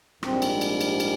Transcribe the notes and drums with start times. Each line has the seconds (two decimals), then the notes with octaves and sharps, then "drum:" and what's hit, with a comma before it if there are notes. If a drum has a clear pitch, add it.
0.23 A#1 G#2 G3 C4, drum: rim click
0.42 drum: cymbal
0.61 drum: cymbal
0.81 drum: cymbal
1.00 drum: cymbal